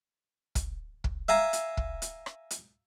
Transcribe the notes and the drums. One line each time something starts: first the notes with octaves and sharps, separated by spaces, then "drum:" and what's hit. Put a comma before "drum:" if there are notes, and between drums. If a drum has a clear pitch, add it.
drum: kick, hi-hat
drum: kick
E5 F5 G#5 A#5
drum: hi-hat
drum: kick
drum: hi-hat
drum: rim click
drum: hi-hat